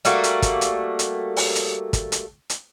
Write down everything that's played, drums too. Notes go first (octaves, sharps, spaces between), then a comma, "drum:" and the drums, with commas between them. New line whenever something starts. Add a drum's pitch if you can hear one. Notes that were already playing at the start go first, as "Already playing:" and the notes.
G3 A3 A#3 F#4, drum: hi-hat
drum: hi-hat
drum: kick, hi-hat
drum: hi-hat
drum: hi-hat
drum: open hi-hat
drum: hi-hat
drum: kick, hi-hat
drum: hi-hat
drum: hi-hat